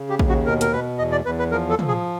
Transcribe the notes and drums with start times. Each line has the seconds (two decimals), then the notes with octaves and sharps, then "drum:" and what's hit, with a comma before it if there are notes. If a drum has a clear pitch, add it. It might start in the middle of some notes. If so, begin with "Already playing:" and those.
Already playing: C#3
0.10 G4
0.19 D#2, drum: kick A#1
0.29 F#4
0.46 B2 A#4
0.61 A#4, drum: hi-hat
0.72 B2 B4
0.98 E2 D#5
1.12 D5
1.25 E2 B4
1.39 B4
1.51 F3 A#4
1.70 A4
1.79 F3, drum: tom
1.88 G#4